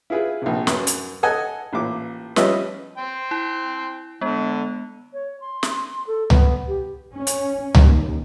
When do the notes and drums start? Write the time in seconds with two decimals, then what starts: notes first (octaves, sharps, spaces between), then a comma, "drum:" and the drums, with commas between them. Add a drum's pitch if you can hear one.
0.10 E4 F4 G#4 B4
0.42 A#1 C3
0.67 F#2 B4, drum: snare
0.87 drum: hi-hat
1.23 A4 D#5 F#5 G#5
1.73 A1 A#2 D6
2.36 F3 G3 C#4 B4 D#5 E5, drum: snare
2.97 G5 C6
3.31 E4
4.21 D3 G#3 B3
5.13 C#5
5.40 C6
5.63 drum: snare
6.07 A4
6.30 B3, drum: tom C#2
6.68 G4
7.13 C#4
7.27 drum: hi-hat
7.75 D#2, drum: tom C#2